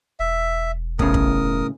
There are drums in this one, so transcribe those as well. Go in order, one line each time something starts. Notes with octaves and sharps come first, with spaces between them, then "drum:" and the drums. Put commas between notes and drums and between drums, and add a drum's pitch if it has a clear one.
E1 E5
A2 C#3 A#4 D#6, drum: kick
drum: kick